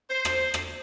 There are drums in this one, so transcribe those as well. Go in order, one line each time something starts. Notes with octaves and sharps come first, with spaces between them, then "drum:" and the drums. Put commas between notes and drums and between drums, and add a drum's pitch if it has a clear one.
C5
drum: rim click
drum: rim click